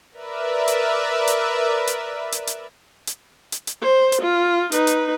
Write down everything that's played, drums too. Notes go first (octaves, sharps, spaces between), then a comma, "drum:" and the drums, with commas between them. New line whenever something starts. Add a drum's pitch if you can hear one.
A#4 B4 D5 E5
drum: hi-hat
drum: hi-hat
drum: hi-hat
drum: hi-hat
drum: hi-hat
drum: hi-hat
drum: hi-hat
drum: hi-hat
C5
drum: hi-hat
F4
D#4 B4, drum: hi-hat
drum: hi-hat